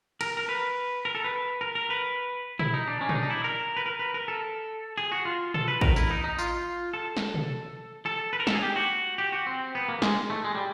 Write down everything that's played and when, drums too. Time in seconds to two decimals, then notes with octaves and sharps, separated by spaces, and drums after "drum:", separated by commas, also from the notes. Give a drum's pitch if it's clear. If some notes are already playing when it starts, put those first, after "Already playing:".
0.21 A#4, drum: cymbal
0.37 A#4
0.49 B4
1.05 A#4
1.15 A4
1.24 B4
1.61 A#4
1.75 A#4
1.90 B4
2.59 E4, drum: tom A#2
2.74 D#4
2.88 D4
3.01 C#4
3.09 D#4, drum: tom A#2
3.15 D4
3.23 D#4
3.30 E4
3.44 A#4
3.77 B4
3.86 A#4
3.99 B4
4.14 A#4
4.28 A4
4.98 G#4
5.12 F#4
5.25 F4
5.54 A4, drum: tom A#2
5.68 B4
5.81 A#4, drum: kick
5.96 E4, drum: tambourine
6.11 D#4
6.24 D#4
6.38 F4, drum: tambourine
6.93 A4
7.17 drum: snare
7.34 drum: tom B2
8.06 A4
8.33 B4
8.40 A#4
8.47 A4, drum: snare
8.55 G#4
8.62 G4
8.76 F#4
9.18 G4
9.32 F#4
9.46 C4
9.75 B3
9.89 A#3
9.99 G3
10.02 G#3, drum: snare
10.30 A3
10.44 G#3
10.55 G3